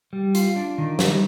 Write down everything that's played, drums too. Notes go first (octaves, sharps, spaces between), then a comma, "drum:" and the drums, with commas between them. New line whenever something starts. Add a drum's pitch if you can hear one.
G3
F4, drum: hi-hat
D4
D#3
G3, drum: snare